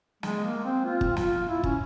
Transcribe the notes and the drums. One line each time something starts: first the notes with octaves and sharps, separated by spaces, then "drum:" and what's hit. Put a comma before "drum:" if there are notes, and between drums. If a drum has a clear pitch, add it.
G#3, drum: snare
A#3
C4
F4
drum: kick
F4, drum: snare
E4
C#4, drum: kick